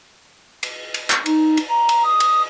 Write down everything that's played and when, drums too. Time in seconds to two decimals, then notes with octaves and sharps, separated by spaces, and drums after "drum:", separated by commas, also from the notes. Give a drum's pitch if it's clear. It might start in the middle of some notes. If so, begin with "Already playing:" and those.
0.63 drum: cymbal
0.94 drum: cymbal
1.10 drum: clap
1.26 D#4, drum: cymbal
1.57 drum: cymbal
1.70 A#5
1.89 drum: cymbal
2.04 D#6
2.20 drum: cymbal